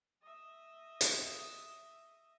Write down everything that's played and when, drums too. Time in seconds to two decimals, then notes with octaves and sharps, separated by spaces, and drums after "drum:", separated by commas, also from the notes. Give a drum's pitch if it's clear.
0.21 D#5 E5
1.01 drum: hi-hat